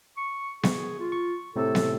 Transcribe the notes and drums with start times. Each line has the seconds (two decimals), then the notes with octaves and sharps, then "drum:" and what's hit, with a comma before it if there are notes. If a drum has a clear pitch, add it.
0.17 C#6
0.63 G#4 C#6, drum: snare B3
0.99 F4
1.12 C#6
1.56 A2 C3 A4
1.75 drum: snare B3